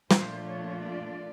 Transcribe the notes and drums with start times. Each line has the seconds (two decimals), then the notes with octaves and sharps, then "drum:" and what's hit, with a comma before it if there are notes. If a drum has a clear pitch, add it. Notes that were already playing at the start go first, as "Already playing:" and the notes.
0.11 A#2 F3 A3 D4 F4 C5, drum: snare
0.47 C#5
0.83 D5